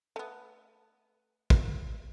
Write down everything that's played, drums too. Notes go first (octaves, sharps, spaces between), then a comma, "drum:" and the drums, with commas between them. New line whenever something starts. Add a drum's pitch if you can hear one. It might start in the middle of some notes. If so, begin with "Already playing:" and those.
A3 B3
drum: kick